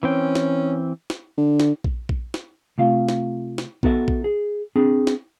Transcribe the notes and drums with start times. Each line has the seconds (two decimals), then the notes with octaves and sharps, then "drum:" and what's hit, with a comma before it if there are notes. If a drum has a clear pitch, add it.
0.03 E3 C4 C#4 G5
0.35 drum: snare
1.10 drum: snare
1.38 D3
1.60 drum: snare
1.84 drum: kick A#1
2.09 drum: kick A#1
2.34 drum: snare
2.78 C3 A3 F4 F5
3.09 drum: snare
3.58 drum: snare
3.83 B3 D#4 F#4 A4 D5 E5, drum: kick A#1
4.08 drum: kick A#1
4.24 G#4
4.76 C4 D4 G#4
5.07 drum: snare